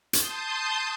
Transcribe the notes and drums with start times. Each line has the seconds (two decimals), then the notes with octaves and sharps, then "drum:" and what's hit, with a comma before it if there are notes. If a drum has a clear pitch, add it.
0.13 A5 C6 D#6 G6, drum: hi-hat